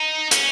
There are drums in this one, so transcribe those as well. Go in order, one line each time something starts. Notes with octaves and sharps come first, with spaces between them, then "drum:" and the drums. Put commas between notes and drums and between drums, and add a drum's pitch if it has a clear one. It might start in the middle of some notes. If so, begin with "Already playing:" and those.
Already playing: D#4
C#4, drum: hi-hat